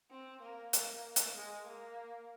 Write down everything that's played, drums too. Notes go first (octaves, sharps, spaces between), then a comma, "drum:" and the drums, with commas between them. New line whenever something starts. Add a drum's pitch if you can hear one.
C4
A#3
A#3, drum: hi-hat
drum: hi-hat
G#3
A#3